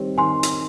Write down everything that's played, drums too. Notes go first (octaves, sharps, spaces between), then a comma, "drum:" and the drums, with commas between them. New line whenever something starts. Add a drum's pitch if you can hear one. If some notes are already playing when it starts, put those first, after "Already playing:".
Already playing: D#3 G3 C4 G4 C#5
D#3 G#5 C6
drum: hi-hat